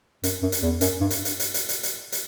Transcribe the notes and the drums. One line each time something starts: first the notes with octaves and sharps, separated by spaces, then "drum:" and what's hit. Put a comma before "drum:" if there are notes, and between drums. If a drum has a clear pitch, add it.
F#2, drum: hi-hat
F#2
drum: hi-hat
E2
F#2, drum: hi-hat
G2
drum: hi-hat
drum: hi-hat
drum: hi-hat
drum: hi-hat
drum: hi-hat
drum: hi-hat
drum: hi-hat